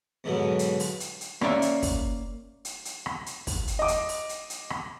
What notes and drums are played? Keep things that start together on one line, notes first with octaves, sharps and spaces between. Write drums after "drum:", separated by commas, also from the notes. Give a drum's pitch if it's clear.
E2 G#2 B2 D3 F#3
drum: hi-hat
drum: open hi-hat
drum: hi-hat
drum: hi-hat
A#3 C#4 D5 E5, drum: rim click
drum: hi-hat
drum: kick, open hi-hat
drum: hi-hat
drum: hi-hat
drum: rim click
drum: hi-hat
drum: kick, open hi-hat
drum: hi-hat
D#5 D6
drum: hi-hat
drum: open hi-hat
drum: hi-hat
drum: hi-hat
drum: rim click